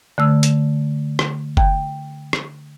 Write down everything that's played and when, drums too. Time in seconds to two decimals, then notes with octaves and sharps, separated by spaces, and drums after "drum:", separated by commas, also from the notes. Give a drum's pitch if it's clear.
0.18 D3 A3 E6
0.43 drum: hi-hat
1.19 drum: rim click
1.57 G5, drum: kick F#1
2.33 drum: rim click